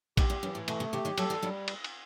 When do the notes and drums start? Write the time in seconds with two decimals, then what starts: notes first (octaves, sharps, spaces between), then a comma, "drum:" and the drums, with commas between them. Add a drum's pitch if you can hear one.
0.17 B2 D#3 G4, drum: kick A#1, cymbal
0.30 E2
0.43 F#2 E3
0.55 A2
0.68 B2 A3, drum: cymbal
0.80 C3
0.93 C3 E3 G4
1.05 D#3 F#3
1.18 F#3 A3 A4, drum: cymbal
1.30 E3 G3
1.42 D#3 F#3 G3
1.68 drum: cymbal
1.84 drum: cymbal